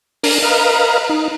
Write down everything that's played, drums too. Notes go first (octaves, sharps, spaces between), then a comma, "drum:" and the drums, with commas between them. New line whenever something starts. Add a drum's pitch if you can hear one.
D4 A#4 A#6, drum: open hi-hat
A#4 B4 D#5 F5 A#5
D#4